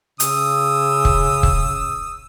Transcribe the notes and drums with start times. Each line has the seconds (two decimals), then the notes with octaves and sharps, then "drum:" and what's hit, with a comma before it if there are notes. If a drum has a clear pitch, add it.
0.20 C#3 D#6 E6, drum: hi-hat
1.05 drum: kick
1.43 drum: kick